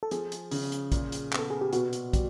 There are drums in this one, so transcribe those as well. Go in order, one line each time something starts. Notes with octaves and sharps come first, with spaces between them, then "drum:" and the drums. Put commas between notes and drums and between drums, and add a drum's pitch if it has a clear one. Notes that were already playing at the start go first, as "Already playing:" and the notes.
A4
F3 G#4, drum: hi-hat
drum: hi-hat
C#3, drum: open hi-hat
drum: hi-hat
A#2, drum: kick, hi-hat
drum: hi-hat
B3, drum: clap
A4
G#4
G4
B2 F#4, drum: hi-hat
drum: hi-hat
G3, drum: kick, hi-hat